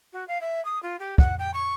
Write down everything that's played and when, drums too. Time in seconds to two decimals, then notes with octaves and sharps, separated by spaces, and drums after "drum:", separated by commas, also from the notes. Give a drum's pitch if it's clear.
0.13 F#4
0.28 F5
0.41 E5
0.65 D#6
0.83 F4
0.99 G4
1.18 F#5, drum: kick
1.39 G5
1.54 C#6